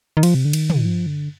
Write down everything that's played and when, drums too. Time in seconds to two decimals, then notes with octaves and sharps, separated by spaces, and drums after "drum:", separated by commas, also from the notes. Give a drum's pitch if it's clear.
0.17 D#3
0.23 F3, drum: cymbal
0.35 C3
0.45 D3
0.53 D#3, drum: cymbal
0.70 drum: tom
0.85 F3
1.07 D3